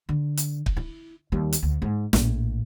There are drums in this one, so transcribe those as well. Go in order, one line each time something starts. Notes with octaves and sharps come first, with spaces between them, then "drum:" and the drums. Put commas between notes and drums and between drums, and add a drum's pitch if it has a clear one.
D3
drum: hi-hat
drum: kick
E4
D#2 G3
drum: hi-hat
D2
G#2
A#1 A2, drum: snare